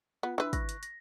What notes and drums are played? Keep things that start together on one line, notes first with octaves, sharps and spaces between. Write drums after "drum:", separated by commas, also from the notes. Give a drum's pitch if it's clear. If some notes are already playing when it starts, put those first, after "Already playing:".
B3 F4
E3 D4 B4 E6
C#6 F#6 A#6, drum: kick, hi-hat
drum: hi-hat
A#6, drum: hi-hat